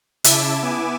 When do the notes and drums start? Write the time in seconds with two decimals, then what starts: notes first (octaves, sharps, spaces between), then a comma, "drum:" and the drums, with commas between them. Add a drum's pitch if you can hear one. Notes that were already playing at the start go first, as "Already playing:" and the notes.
0.24 C#3 E4 E5 A5 D6, drum: hi-hat
0.63 B3 E4 G#5 D6 E7